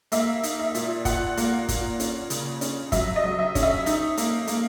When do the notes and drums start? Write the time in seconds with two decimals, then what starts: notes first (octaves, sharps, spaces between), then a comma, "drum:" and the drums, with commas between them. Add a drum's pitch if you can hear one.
0.12 A#3 E5, drum: hi-hat
0.43 D#4, drum: hi-hat
0.59 E5
0.75 A#2, drum: hi-hat
1.05 A#2 F#5, drum: kick, hi-hat
1.37 A#3, drum: hi-hat
1.68 A#2, drum: kick, hi-hat
2.00 C#4, drum: hi-hat
2.30 C#3, drum: hi-hat
2.61 C#4, drum: hi-hat
2.92 F#3 E5, drum: kick, hi-hat
3.16 D#5
3.24 F#3
3.39 E5
3.55 C#4, drum: kick, hi-hat
3.63 E5
3.86 D#4, drum: hi-hat
4.17 A#3, drum: hi-hat
4.47 A#3, drum: hi-hat